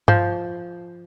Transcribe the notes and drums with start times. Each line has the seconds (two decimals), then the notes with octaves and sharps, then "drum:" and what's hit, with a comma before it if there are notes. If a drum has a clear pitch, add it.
0.08 F3, drum: tom G2